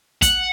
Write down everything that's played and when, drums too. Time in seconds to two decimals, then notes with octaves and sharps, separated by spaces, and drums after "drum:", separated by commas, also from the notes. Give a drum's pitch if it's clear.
0.22 F#5, drum: kick, hi-hat